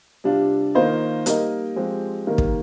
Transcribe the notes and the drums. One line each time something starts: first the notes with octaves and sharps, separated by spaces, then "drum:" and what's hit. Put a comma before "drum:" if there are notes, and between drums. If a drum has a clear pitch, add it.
C3 G3 D4 F4
D#3 A#3 F4 C5 D#5
G3 A#3 D#4 A#4 D#5, drum: hi-hat
F3 G#3 C4 G4
D#3 G3 A#3 D#4 A#4
drum: kick